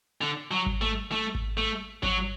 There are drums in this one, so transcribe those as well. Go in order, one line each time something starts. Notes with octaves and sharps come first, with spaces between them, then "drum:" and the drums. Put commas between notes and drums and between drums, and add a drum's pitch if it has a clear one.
D3
F#3
drum: kick G#1
A3
A3
drum: kick G#1
A3
F#3, drum: kick G#1